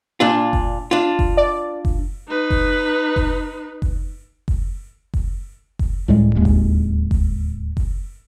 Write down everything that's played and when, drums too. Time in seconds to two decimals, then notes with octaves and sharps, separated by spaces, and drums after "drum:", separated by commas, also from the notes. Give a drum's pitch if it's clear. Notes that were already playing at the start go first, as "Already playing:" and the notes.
0.20 A#2 D4 F4
0.53 drum: kick F#1
0.91 D4 F4
1.19 drum: kick F#1
1.37 D5
1.85 drum: kick F#1
2.28 D#4 B4
2.50 drum: kick F#1
3.16 drum: kick F#1
3.82 drum: kick F#1
4.48 drum: kick F#1
5.14 drum: kick F#1
5.79 drum: kick F#1
6.08 C#2 A2 G3 G#3
6.36 D1 D#2 G#3
6.45 drum: kick F#1
7.11 drum: kick F#1
7.77 drum: kick F#1